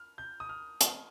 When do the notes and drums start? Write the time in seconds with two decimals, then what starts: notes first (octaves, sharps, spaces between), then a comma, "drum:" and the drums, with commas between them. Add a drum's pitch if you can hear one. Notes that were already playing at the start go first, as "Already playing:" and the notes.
Already playing: F6
0.18 G6
0.40 D#6
0.49 F6
0.81 drum: hi-hat